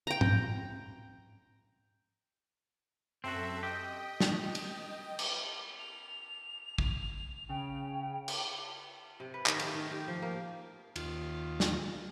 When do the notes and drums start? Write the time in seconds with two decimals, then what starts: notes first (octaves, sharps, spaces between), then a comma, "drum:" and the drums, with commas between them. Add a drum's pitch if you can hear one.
0.07 G5 A#5
0.21 drum: tom
3.24 F#2 C4 F#4 A4 E5
3.63 G4 D#5 G5
4.20 drum: snare
4.55 drum: cymbal
5.19 drum: cymbal
5.79 F7
6.78 drum: kick
7.49 C#3 G5
8.28 drum: cymbal
9.20 C3
9.34 B4
9.46 D#3, drum: clap
9.59 A3, drum: cymbal
9.75 D#3
9.91 G4
10.08 F3
10.22 A#3
10.96 D#2 F4, drum: cymbal
11.60 drum: snare